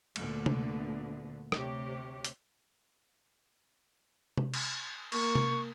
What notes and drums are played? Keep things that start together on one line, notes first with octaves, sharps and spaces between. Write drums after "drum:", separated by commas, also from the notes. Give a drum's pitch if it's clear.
D2 A#2 D3 A3 B3, drum: cymbal
drum: tom C3
D2 C3 G4 C#5, drum: rim click
drum: hi-hat
drum: tom C3
drum: cymbal
A#3 C#6, drum: cymbal
drum: tom C3